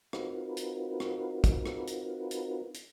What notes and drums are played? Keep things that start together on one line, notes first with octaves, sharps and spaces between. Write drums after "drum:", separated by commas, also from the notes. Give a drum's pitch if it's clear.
C4 D#4 F4 F#4 A#4 B4, drum: rim click
drum: hi-hat
drum: rim click
drum: kick, hi-hat
drum: rim click
drum: hi-hat
drum: hi-hat
drum: hi-hat